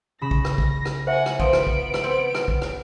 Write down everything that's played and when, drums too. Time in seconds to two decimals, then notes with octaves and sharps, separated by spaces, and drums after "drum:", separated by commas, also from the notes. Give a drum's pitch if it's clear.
0.21 C#3 B5 A#6 E7
0.31 drum: kick
0.45 drum: rim click
0.58 drum: kick
0.85 drum: rim click
1.07 C5 E5 F#5 G#5
1.26 drum: rim click
1.40 F3 B3 D7, drum: kick
1.53 drum: rim click
1.67 drum: kick
1.94 drum: rim click
2.04 C4
2.34 drum: rim click
2.48 drum: kick
2.62 drum: rim click